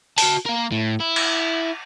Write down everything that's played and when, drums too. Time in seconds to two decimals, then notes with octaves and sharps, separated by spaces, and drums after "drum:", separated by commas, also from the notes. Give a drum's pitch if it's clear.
0.18 F#4 A5, drum: open hi-hat
0.46 A#3 A#4
0.72 A2
1.00 E4
1.16 drum: cymbal